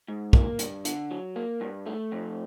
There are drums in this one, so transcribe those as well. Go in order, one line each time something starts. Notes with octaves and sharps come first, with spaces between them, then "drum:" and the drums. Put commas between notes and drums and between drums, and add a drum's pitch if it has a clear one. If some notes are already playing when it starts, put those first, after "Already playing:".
G#2
A#3, drum: kick
G2, drum: hi-hat
D3, drum: hi-hat
F#3
A#3
G2
A3
F2